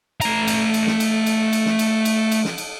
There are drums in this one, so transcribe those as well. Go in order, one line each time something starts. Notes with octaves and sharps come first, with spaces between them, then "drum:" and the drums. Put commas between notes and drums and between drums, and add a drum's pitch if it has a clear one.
A3 A#5, drum: cymbal
drum: cymbal
drum: cymbal
drum: snare
drum: cymbal
drum: cymbal
drum: cymbal
drum: snare
drum: cymbal
drum: cymbal
drum: cymbal
drum: snare
drum: cymbal